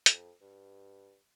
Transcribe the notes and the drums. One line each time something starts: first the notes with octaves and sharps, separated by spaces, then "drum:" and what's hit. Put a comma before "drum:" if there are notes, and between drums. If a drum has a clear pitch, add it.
F2, drum: hi-hat
G2